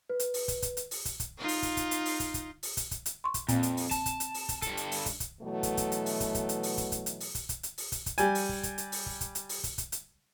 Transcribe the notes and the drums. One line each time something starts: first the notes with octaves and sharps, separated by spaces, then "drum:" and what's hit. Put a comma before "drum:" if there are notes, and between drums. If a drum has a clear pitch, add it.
B4
drum: hi-hat
drum: open hi-hat
drum: kick, hi-hat
drum: kick, hi-hat
drum: hi-hat
drum: open hi-hat
drum: kick, hi-hat
drum: kick, hi-hat
D#4 F4
drum: open hi-hat
drum: kick, hi-hat
drum: kick, hi-hat
drum: hi-hat
drum: open hi-hat
drum: kick, hi-hat
drum: kick, hi-hat
drum: open hi-hat
drum: kick, hi-hat
drum: kick, hi-hat
drum: hi-hat
C6 C#6
drum: kick, hi-hat
F2 A#2 C4, drum: kick, hi-hat
drum: hi-hat
drum: open hi-hat
A5, drum: kick, hi-hat
drum: kick, hi-hat
drum: hi-hat
drum: open hi-hat
drum: kick, hi-hat
G2 A4, drum: kick, hi-hat
drum: hi-hat
drum: open hi-hat
drum: kick, hi-hat
drum: kick, hi-hat
B2 E3 F#3 A3
drum: kick, hi-hat
drum: kick, hi-hat
drum: hi-hat
drum: open hi-hat
drum: kick, hi-hat
drum: kick, hi-hat
drum: hi-hat
drum: open hi-hat
drum: kick, hi-hat
drum: kick, hi-hat
drum: hi-hat
drum: open hi-hat
drum: kick, hi-hat
drum: kick, hi-hat
drum: hi-hat
drum: open hi-hat
drum: kick, hi-hat
drum: kick, hi-hat
G3 G#5, drum: hi-hat
drum: open hi-hat
drum: kick
drum: kick, hi-hat
drum: hi-hat
drum: open hi-hat
drum: kick
drum: kick, hi-hat
drum: hi-hat
drum: open hi-hat
drum: kick, hi-hat
drum: kick, hi-hat
drum: hi-hat